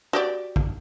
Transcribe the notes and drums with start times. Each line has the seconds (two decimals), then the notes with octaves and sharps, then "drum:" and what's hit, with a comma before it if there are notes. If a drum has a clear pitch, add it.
0.13 F#4 G4 D5
0.56 drum: kick